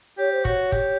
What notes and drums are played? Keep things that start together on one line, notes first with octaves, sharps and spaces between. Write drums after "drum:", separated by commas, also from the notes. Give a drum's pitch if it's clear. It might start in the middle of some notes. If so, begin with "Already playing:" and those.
G4 C#5
C5
F#4 C#5, drum: kick
G4, drum: kick